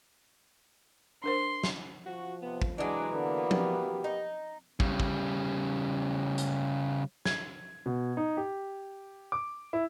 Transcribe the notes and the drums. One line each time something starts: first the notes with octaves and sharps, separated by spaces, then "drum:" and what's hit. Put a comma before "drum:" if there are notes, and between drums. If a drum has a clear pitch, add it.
D4 A#4 C5 C6
drum: snare
F3 F#4
C3 B3
drum: kick
C3 E3 F#3 G#3 D4 D5
D3 A#3 B3
G4, drum: tom
D#4
C#3 G3, drum: kick
drum: kick
drum: hi-hat
G#6, drum: snare
B2
D#4
G4
D6
E4